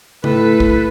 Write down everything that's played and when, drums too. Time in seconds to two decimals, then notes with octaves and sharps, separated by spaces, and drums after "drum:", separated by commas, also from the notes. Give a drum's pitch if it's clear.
0.24 A2 A4 B4, drum: tom C#3
0.60 drum: kick